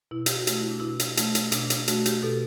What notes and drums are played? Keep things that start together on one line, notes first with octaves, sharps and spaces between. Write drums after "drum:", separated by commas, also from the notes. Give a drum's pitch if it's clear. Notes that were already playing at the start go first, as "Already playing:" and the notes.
B2 E4
G4, drum: hi-hat
F#4
A3, drum: hi-hat
E4
D4
B2 E4
drum: hi-hat
A3, drum: hi-hat
drum: hi-hat
B2 D4, drum: hi-hat
drum: hi-hat
A3 F#4, drum: hi-hat
G4, drum: hi-hat
B2 A4